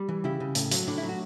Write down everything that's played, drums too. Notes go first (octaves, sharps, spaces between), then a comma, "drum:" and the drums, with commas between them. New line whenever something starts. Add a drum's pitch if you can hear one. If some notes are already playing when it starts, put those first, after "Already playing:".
Already playing: G3
E3
C#3 E4 G4
C#3
A2, drum: hi-hat
F#3, drum: hi-hat
A2 D4
E4
F#3
F#4